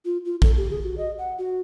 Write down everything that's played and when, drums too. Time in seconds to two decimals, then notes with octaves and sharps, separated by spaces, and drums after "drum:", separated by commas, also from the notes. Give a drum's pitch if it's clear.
0.05 F4
0.25 F4
0.42 A4, drum: kick A#1
0.57 G4
0.71 G#4
0.84 F#4
0.97 D#5
1.18 F#5
1.38 F#4